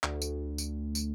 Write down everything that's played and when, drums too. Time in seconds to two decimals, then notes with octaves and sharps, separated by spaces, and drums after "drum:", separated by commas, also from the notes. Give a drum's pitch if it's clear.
0.03 D2, drum: clap
0.22 drum: tambourine
0.58 drum: tambourine
0.95 drum: tambourine